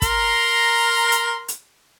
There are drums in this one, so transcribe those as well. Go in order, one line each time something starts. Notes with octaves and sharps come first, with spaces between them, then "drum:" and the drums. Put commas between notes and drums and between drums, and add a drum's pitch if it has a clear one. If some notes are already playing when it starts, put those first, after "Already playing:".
A#4 A#5 C6, drum: kick, hi-hat
drum: hi-hat
drum: hi-hat